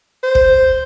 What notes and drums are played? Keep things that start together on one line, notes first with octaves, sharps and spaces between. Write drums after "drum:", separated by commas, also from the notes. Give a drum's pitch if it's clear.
C5
drum: kick